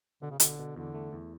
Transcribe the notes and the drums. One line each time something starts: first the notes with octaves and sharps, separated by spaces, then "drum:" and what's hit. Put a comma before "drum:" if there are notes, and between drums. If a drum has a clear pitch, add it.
B2 D3
C#3
B2 D3, drum: hi-hat
B2
E2 D3
A3
E2